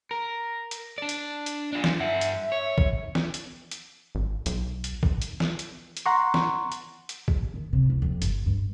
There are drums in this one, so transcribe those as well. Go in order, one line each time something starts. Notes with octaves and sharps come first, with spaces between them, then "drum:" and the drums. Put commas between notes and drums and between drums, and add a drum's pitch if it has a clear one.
A#4
drum: hi-hat
D4 D5
drum: hi-hat
drum: hi-hat
D4 F4
drum: snare
G2 E5 F#5
drum: hi-hat
C#5
drum: kick
drum: snare
drum: hi-hat
drum: hi-hat
G#1
B1, drum: hi-hat
drum: hi-hat
drum: kick
drum: hi-hat
drum: snare
drum: hi-hat
drum: hi-hat
F#5 A#5 C6 C#6
drum: snare
drum: hi-hat
drum: hi-hat
drum: kick
D#3
C3
C2
F2
G1, drum: hi-hat
G2